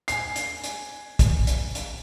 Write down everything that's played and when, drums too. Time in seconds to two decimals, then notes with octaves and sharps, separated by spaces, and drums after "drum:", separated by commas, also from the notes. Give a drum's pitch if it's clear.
0.08 G#5 C7, drum: hi-hat
0.36 drum: hi-hat
0.64 drum: hi-hat
1.19 drum: kick, hi-hat
1.47 drum: hi-hat
1.75 drum: hi-hat